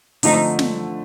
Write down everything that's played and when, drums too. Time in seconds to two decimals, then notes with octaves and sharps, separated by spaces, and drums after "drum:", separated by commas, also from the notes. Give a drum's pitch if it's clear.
0.23 D3 F3 A3 C4 D#4, drum: open hi-hat
0.59 drum: snare